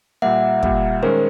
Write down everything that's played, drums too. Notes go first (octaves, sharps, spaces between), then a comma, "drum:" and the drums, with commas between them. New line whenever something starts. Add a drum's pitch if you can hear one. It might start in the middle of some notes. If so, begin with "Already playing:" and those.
A#2 G3 A#3 E5 F#5
A#2 G3 A#3, drum: kick
D#3 G#3 C#4 A#4 C5